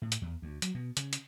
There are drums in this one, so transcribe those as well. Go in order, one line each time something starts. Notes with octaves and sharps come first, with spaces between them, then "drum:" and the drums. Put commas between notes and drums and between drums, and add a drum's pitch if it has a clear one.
A2
drum: hi-hat
E2
D2
F#3, drum: hi-hat
B2
C#3, drum: hi-hat
drum: hi-hat